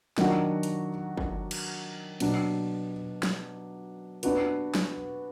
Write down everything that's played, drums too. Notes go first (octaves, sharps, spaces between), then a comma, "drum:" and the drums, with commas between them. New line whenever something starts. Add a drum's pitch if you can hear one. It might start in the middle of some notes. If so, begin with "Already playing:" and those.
D#3 F#3 D4 F#4, drum: snare
drum: hi-hat
drum: kick G1
drum: cymbal
B2 F#3 D4, drum: cymbal
drum: snare
B3 D4 F#4 B4, drum: hi-hat
drum: snare